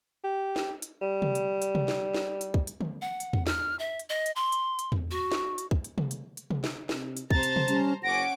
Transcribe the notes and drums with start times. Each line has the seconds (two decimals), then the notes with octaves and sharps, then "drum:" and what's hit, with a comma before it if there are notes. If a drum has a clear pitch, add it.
0.24 G4
0.56 drum: snare
0.82 drum: hi-hat
1.02 G3
1.22 drum: tom C3
1.35 drum: hi-hat
1.62 drum: hi-hat
1.75 drum: tom C3
1.88 drum: snare
2.14 drum: snare
2.41 drum: hi-hat
2.54 drum: kick
2.67 drum: hi-hat
2.81 drum: tom D3
3.02 F#5
3.20 drum: hi-hat
3.33 drum: tom E2
3.47 F6, drum: snare
3.79 E5
3.99 drum: hi-hat
4.10 D#5
4.26 drum: hi-hat
4.36 C6
4.52 drum: hi-hat
4.79 drum: hi-hat
4.92 drum: tom E2
5.11 F#4
5.32 drum: snare
5.58 drum: hi-hat
5.71 drum: kick
5.84 drum: hi-hat
5.98 drum: tom C3
6.11 drum: hi-hat
6.37 drum: hi-hat
6.50 drum: tom C3
6.64 drum: snare
6.89 C3, drum: snare
7.17 drum: hi-hat
7.30 C3 C5 A5 A#5 A6, drum: kick
7.43 drum: hi-hat
7.56 drum: tom C3
7.68 G3 C#4, drum: hi-hat
8.03 F#1 C#4 F#5 D6 A#6 D7